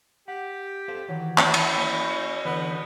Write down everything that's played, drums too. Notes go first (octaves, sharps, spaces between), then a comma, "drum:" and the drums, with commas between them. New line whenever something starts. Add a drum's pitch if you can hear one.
G4 F#5
A4 C5 F5
D#3 E3 F#3
drum: clap
E4, drum: cymbal
A#3 C#4
D3 E3 B3